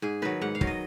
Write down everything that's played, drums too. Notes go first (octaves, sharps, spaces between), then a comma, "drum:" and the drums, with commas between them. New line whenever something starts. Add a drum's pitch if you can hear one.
G#2 G#4
D#3 F#3 B4
G#2 F#5
F5
D#3 F#3, drum: kick
D#5